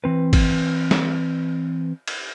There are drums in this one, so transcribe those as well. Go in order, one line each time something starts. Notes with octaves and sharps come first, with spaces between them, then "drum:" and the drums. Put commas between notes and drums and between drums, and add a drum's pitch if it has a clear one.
E3 C4 B4
drum: kick, cymbal
drum: snare
drum: cymbal